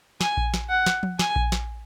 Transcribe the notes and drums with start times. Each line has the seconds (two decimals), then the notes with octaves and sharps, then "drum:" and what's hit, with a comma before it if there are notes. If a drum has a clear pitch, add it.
0.21 G#5, drum: snare
0.37 drum: kick A#1
0.54 drum: snare
0.70 F#5
0.86 drum: snare
1.03 drum: tom F3
1.19 G#5, drum: snare
1.36 drum: kick A#1
1.52 drum: snare